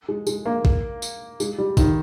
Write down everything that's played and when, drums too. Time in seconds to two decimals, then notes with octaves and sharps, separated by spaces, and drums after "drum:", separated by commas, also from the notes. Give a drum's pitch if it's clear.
0.08 G#3
0.27 G#3, drum: tambourine
0.45 A#3
0.65 drum: kick
1.02 drum: tambourine
1.40 G#3, drum: tambourine
1.58 G3
1.77 D#3, drum: kick, tambourine